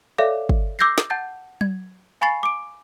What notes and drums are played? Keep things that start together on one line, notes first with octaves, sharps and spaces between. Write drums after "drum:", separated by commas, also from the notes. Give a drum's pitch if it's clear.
A4 C#5 D5 E5 F5 D6
drum: kick
D6 E6 G6 G#6 A#6 C7
drum: snare
F#5 A5 G6 A6
G#6, drum: tom F#3
F5 G#5 B5 C#6 A6 C7
D6 D7